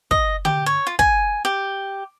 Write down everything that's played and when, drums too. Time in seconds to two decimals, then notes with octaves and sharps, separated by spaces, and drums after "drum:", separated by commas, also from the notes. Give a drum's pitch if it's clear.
0.11 D#5, drum: kick
0.45 G4, drum: tom D3
0.66 C#5
0.87 F4
0.99 G#5, drum: kick
1.45 G4